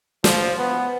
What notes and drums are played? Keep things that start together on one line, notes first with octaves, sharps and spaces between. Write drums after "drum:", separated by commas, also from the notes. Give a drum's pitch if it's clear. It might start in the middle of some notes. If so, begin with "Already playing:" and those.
F3, drum: snare
B3